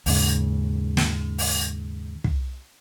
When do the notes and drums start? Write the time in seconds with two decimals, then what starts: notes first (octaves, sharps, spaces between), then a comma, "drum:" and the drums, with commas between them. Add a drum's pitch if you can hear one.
0.06 D#2 G#2 C#3, drum: open hi-hat
0.97 drum: snare
1.38 drum: open hi-hat
2.24 drum: kick